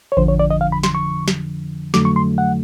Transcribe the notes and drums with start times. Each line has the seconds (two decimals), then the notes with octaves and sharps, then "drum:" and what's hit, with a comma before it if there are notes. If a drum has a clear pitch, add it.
0.12 C#5
0.17 F2 D3 F3 C5, drum: kick A1
0.28 C#5
0.39 D5
0.50 D#5
0.61 F5
0.72 B5
0.83 C6, drum: snare
0.95 C#6
1.28 drum: snare
1.94 F2 D3 F#3 A3 D6, drum: snare
2.05 C#6
2.16 C6
2.38 F#5